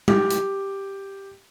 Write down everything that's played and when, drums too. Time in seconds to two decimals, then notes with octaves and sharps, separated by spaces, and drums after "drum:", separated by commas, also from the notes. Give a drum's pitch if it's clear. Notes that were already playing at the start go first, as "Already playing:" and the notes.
0.08 G4, drum: tom G3
0.31 drum: hi-hat